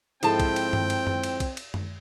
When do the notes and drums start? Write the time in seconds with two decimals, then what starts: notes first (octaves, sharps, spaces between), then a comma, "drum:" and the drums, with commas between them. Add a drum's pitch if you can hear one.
0.23 G#2 F3 C4 E4 A4 G5 A5, drum: cymbal
0.40 drum: kick, cymbal
0.56 drum: cymbal
0.73 drum: tom G2
0.90 drum: cymbal
1.07 drum: tom F#2
1.23 drum: cymbal
1.40 drum: kick, cymbal
1.57 drum: cymbal
1.74 drum: tom F#2